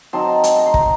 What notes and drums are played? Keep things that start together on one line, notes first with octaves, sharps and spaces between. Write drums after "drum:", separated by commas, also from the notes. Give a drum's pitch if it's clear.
F#3 C4 D#4 A5 C6
drum: hi-hat
A#5
C6
A#5, drum: kick
C6